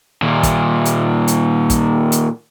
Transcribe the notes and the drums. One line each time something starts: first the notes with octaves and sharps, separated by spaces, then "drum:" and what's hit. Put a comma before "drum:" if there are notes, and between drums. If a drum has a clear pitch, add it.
A#2 D#3
drum: kick, hi-hat
drum: hi-hat
drum: hi-hat
drum: kick, hi-hat
drum: hi-hat